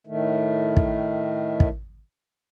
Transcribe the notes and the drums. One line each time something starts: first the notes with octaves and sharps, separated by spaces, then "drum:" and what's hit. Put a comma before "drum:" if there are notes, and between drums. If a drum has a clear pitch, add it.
A2 D#3 A3
drum: kick
drum: kick